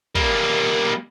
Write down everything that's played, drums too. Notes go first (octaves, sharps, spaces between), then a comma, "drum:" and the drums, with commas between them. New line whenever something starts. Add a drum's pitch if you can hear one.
G3 A#3, drum: kick